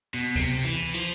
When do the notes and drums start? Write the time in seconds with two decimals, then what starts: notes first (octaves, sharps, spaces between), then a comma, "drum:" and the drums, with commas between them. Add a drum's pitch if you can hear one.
0.14 B2
0.36 C3, drum: kick D2
0.65 E3
0.94 F3